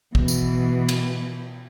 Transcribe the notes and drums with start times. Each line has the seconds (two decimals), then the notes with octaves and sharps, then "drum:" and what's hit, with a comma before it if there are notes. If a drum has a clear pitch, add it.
0.15 B2 E3, drum: kick
0.28 drum: tambourine
0.89 drum: cymbal